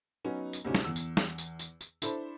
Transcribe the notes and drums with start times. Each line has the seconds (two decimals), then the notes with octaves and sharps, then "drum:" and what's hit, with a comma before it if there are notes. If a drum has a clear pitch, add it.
0.24 F#3 B3 C#4 D#4
0.53 drum: tambourine
0.65 D2 C3 C#4 D#4
0.75 drum: snare
0.85 E2 E6
0.96 drum: tambourine
1.17 drum: snare
1.38 drum: tambourine
1.59 drum: tambourine
1.81 drum: tambourine
2.02 D4 E4 A4 C5 B5, drum: tambourine